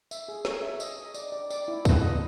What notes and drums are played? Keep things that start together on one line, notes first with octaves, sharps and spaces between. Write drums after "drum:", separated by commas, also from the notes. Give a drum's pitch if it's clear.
E5, drum: tambourine
G#4
C#5, drum: snare
E5
D#5, drum: tambourine
D#5
D5, drum: tambourine
D5
D5, drum: tambourine
E4
B4, drum: kick C#2, tambourine
D#5